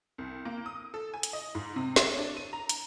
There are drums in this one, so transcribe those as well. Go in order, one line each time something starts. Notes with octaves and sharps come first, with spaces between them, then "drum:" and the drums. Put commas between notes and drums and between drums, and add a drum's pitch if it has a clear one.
C2
A#3
D#6
A4
G#5
drum: hi-hat
D#5
G#2
C3
C#5, drum: snare
D4
D#7
A#5
drum: hi-hat